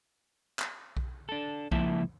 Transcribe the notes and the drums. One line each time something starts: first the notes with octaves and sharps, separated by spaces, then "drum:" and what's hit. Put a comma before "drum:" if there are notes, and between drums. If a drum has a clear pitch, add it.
drum: clap
drum: kick B1
D4 A4
C#2 F3 A#3 E4 E5 A5, drum: kick B1